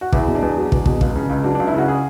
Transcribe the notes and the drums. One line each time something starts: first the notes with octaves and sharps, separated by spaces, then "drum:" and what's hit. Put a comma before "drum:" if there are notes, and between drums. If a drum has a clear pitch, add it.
F#4
E2 E4, drum: kick
B2
D4
E2
F#3
E2, drum: kick
B2, drum: kick
C#2, drum: kick
C#3
C#2
F#3 D4
C#2 D4
E4
C#3 F#4
G#4